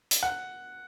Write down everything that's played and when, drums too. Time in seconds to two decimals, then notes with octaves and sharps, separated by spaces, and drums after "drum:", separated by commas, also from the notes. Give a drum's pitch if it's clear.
0.11 drum: hi-hat
0.23 F#5